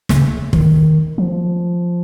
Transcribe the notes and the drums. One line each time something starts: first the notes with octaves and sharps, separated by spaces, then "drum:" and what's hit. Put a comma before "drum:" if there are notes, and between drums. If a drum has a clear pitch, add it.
C#3, drum: snare
D#3, drum: kick
F3